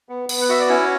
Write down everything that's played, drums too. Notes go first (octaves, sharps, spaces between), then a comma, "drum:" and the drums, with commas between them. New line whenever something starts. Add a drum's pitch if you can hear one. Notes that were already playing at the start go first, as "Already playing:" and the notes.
B3
B3, drum: cymbal
F#5
F#4 E5
D5
C#4 E4 C#5